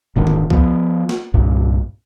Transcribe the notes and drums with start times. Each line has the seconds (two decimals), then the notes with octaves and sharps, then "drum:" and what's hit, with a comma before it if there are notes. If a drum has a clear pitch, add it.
0.16 E1 G#2 D3 D#3
0.27 drum: tom D3
0.50 F3 B3, drum: kick
1.09 drum: snare
1.34 C2 G2 A#2